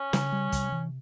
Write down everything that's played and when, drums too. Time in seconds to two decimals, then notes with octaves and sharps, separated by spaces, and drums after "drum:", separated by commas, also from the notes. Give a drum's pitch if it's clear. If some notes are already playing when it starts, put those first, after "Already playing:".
Already playing: C#4
0.13 C#3, drum: snare
0.32 G3
0.52 C3, drum: kick, hi-hat
0.72 E3